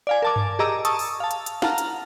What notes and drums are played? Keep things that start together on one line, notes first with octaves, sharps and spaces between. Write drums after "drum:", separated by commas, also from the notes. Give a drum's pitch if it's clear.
D5 F5 G#5
A#4 A5 D6
drum: tom G2
G4 G#4 D#5 A#5 D6 E6
A5 C#6 D#6 E6, drum: hi-hat
drum: open hi-hat
F5 A5
drum: hi-hat
drum: hi-hat
F5 F#5 A5 A#5 F6, drum: snare
drum: hi-hat